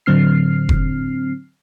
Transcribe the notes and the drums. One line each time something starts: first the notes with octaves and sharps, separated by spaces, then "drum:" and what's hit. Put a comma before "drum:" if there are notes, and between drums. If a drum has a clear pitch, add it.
A2 D3 F#3 C4 F6 C7
drum: kick F1